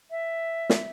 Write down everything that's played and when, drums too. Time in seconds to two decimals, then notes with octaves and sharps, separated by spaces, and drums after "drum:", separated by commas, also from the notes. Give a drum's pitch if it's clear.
0.10 E5
0.70 drum: snare